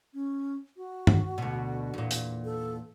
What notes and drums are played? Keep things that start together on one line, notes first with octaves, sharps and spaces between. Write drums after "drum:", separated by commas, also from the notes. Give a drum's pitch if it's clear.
C#4
F#4
drum: tom G2
D2 B2
E2 A#2
drum: hi-hat
A4